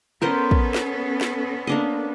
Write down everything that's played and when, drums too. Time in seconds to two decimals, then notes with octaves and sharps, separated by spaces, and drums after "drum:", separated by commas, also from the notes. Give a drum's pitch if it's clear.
0.22 B3 C#4 A4 A#4 C5 D#5
0.51 drum: kick
0.74 drum: snare
1.21 drum: snare
1.67 A#3 D4 D#5